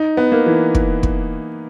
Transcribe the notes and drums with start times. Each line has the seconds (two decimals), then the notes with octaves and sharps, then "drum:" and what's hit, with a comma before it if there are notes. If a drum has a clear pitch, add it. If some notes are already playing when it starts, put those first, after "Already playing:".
Already playing: D#4
0.17 B3
0.32 A#3
0.46 E3
0.75 drum: kick
1.03 drum: kick